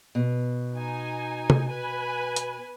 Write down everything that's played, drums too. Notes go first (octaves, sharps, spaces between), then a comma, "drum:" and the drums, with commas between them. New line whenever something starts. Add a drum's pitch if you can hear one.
B2
D#4 G#5
drum: tom C3
B4 G#5
drum: hi-hat